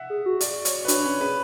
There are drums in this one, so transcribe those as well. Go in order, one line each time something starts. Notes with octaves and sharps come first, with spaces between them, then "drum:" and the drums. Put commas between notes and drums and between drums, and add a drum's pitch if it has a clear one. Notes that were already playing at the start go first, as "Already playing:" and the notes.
Already playing: E5 F#5
G#4
F#4
D5, drum: hi-hat
C#5, drum: hi-hat
B4
D4 C#5, drum: hi-hat
C#4 B4
G#4 B4